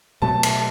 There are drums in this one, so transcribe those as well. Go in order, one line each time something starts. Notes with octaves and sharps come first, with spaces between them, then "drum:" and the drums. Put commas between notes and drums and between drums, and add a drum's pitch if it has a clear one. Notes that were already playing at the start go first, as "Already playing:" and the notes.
B2 F#3 A3 A5
A5, drum: cymbal